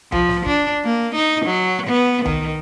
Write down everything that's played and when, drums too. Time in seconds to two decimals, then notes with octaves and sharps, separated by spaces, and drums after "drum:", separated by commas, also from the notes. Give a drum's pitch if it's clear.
0.12 F3, drum: tom C2
0.29 drum: snare
0.46 D4, drum: kick
0.85 A#3
1.15 D#4
1.46 F#3
1.87 B3
2.25 D#3, drum: tom C2